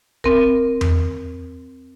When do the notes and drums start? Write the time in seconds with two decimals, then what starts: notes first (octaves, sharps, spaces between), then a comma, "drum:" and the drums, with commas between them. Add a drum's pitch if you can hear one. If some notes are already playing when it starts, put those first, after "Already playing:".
0.24 C4 A#4, drum: kick
0.81 drum: tom E2